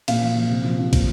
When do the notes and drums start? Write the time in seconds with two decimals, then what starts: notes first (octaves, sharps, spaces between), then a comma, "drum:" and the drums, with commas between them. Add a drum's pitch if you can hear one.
0.08 A#2 F5, drum: cymbal
0.22 F3
0.37 F3
0.50 C3
0.64 F3
0.79 F3
0.93 A#2, drum: kick, cymbal